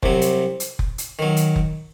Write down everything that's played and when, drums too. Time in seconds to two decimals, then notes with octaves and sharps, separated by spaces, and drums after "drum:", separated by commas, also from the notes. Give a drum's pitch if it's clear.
0.03 C2 C3 F#3, drum: kick F1
0.21 drum: hi-hat
0.60 drum: hi-hat
0.79 drum: kick F1
0.98 drum: hi-hat
1.19 D#3 F#3
1.37 drum: hi-hat
1.56 drum: kick F1